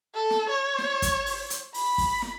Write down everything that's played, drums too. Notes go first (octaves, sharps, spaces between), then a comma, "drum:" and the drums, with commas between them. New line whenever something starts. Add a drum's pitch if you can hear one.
A4
drum: snare
C#5
drum: snare
drum: kick, hi-hat
drum: open hi-hat
drum: hi-hat
B5, drum: open hi-hat
drum: kick, open hi-hat
drum: snare